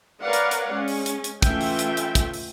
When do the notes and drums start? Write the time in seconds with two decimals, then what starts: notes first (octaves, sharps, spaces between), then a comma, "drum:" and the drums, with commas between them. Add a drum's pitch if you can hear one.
0.22 A#4 B4 C#5 D5 F5 F#5
0.33 drum: hi-hat
0.51 drum: hi-hat
0.73 G#3 C#4
0.88 drum: open hi-hat
1.06 drum: hi-hat
1.24 drum: hi-hat
1.42 E3 A3 C#4 F4 E5 G5, drum: kick, hi-hat
1.61 drum: open hi-hat
1.79 drum: hi-hat
1.97 drum: hi-hat
2.15 drum: kick, hi-hat
2.34 drum: open hi-hat